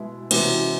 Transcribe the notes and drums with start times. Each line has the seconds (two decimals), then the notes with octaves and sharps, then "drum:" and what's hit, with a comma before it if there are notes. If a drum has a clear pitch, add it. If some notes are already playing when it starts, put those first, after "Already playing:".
Already playing: B2 G#3 E4
0.31 C3 E3 G#3 C#4 F#4, drum: cymbal